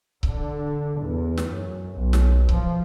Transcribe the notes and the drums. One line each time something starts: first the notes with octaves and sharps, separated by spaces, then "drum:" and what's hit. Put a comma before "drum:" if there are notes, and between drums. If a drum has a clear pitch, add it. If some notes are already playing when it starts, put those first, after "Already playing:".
D3, drum: kick C#1
E2
drum: snare
F#2
B1
drum: snare
F3, drum: kick C#1